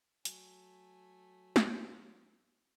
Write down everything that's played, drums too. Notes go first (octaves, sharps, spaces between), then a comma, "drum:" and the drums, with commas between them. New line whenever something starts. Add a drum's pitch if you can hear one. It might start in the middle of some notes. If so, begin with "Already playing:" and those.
F#3 A3 G#5, drum: hi-hat
drum: snare